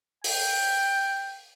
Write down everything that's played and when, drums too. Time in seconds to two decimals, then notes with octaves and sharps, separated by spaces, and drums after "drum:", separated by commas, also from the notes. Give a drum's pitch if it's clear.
0.24 G5, drum: open hi-hat